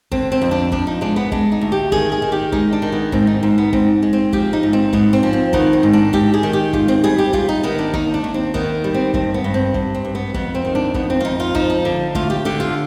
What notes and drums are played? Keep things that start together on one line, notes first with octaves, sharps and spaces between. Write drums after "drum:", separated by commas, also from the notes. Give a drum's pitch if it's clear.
D3 C4, drum: kick
C4
F2
D4
F3 D4, drum: kick
D#4
G#3 D4
B3
G#3 D4, drum: kick
D#4
D2
G4
D#3 G#4, drum: kick
G#4
D#3
G4
G#3 D#4, drum: kick
D4
D#3
B3
G#2 C4, drum: kick
D#4
G#2 C4
B3
G#2 C4, drum: kick
G#3
C4
F3 G4, drum: kick
D#4
G#2
C4
G#2 B3, drum: kick
C4
F3
C4
D#3 B3, drum: kick
C4
G#2
D4
G#2 G4, drum: kick
G#4
D#3
G4
G#2 F4, drum: kick
C4
G3 G#4
G4
G3 F4, drum: kick
D#4
D#3 B3
D4
D#2 D#4, drum: kick
D4
D#2
C4
D#3 B3, drum: kick
G3
C4
G2 C4, drum: kick
B3
G2
C4
G2, drum: kick
C4
G2
B3
F2 B3, drum: kick
C4
D#3
D4
F2 B3, drum: kick
C4
F4
F2 D#4
F4
F3 D#4, drum: kick
D#4
D3
D2 F4, drum: kick
G4
D3 G4
F4